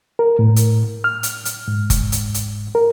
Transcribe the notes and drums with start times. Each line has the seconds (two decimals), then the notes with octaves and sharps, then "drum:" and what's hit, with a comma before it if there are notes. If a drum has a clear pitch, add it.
0.19 A#4
0.39 A2
0.56 drum: hi-hat
1.04 F6
1.23 drum: hi-hat
1.45 drum: hi-hat
1.68 G#2
1.90 drum: kick F#1, hi-hat
2.12 drum: hi-hat
2.34 drum: hi-hat
2.75 A#4